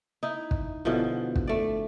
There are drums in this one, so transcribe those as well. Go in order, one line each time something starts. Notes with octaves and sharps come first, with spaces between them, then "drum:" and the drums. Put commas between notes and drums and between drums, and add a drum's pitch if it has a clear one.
D#4 E4
drum: kick
B2 D3 E3 F3
drum: kick
A3 D5